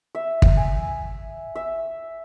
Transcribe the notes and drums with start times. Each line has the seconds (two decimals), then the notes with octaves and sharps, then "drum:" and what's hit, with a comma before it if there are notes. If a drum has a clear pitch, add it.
0.15 E5
0.42 drum: kick
0.57 G#5
1.55 E5